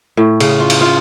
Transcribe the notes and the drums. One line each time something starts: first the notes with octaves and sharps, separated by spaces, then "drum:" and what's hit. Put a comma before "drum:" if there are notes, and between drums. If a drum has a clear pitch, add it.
A2
C#3, drum: cymbal
F4
drum: cymbal
F4